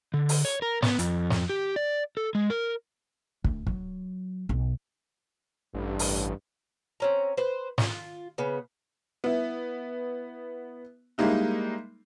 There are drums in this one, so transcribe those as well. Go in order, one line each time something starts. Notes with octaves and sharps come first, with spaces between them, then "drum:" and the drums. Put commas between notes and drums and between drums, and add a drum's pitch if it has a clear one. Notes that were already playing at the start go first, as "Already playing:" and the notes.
D3
drum: open hi-hat
C#5
A#4
B3, drum: snare
F2, drum: hi-hat
drum: snare
G4
D5
A4
G#3
A#4
D2, drum: kick
F#3, drum: kick
B1
A1 G2
drum: open hi-hat
C4 C#4 A#5
B4 C5
F4, drum: snare
C#3 B3
B3 E4
G3 G#3 A#3 D#4 E4